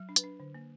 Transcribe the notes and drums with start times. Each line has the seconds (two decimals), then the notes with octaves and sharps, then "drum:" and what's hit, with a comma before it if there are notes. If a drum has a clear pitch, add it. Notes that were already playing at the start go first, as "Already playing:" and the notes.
Already playing: F#3
0.09 D4
0.16 B4, drum: hi-hat
0.24 D4
0.40 D3
0.54 A#3